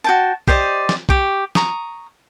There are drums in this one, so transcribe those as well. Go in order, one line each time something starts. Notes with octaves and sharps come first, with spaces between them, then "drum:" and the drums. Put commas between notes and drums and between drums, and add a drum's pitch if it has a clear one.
F#4 G5 A5
G4 C5 D5 D#5, drum: kick
drum: snare
G4 G5 C#6, drum: kick
A#5 C#6 D#6, drum: snare